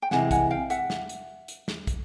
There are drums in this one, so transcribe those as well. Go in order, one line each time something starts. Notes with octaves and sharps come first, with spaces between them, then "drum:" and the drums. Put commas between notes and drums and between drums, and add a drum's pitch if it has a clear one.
G5
C3 E3 G#3 F#5 G#5, drum: snare
F#5 G#5, drum: kick, hi-hat
F5 G5
E5 F#5, drum: hi-hat
drum: snare
drum: hi-hat
drum: hi-hat
drum: snare
drum: kick, hi-hat